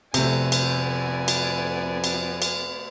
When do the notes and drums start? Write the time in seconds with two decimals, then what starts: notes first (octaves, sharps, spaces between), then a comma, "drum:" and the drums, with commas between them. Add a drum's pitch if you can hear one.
0.14 F2 C3 A3 B3 D5 F#5 G#5, drum: cymbal
0.52 drum: cymbal
1.28 drum: cymbal
2.04 drum: cymbal
2.42 drum: cymbal